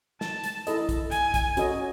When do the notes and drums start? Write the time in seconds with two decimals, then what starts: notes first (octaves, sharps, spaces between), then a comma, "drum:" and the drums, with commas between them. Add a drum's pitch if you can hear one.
0.21 A5, drum: snare
0.44 drum: hi-hat
0.67 E4 A4 D#5, drum: hi-hat
0.89 drum: kick A#1, hi-hat
1.12 G#5, drum: hi-hat
1.34 drum: kick A#1, hi-hat
1.57 C#4 F#4 A4 D#5, drum: hi-hat